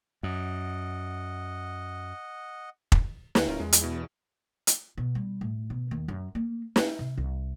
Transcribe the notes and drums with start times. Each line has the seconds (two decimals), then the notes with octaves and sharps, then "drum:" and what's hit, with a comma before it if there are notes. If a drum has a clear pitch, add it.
0.23 F#2 D#5 F#5
2.92 drum: kick
3.35 D2, drum: snare
3.48 D1 C#4 F4 A#4
3.60 E2 G#3
3.73 drum: hi-hat
3.82 B2 E4
4.67 drum: hi-hat
4.98 B2
5.15 G3
5.41 A2
5.70 B2
5.91 D#2
6.08 F#2
6.35 A#3
6.76 C#4, drum: snare
6.99 C3
7.18 C2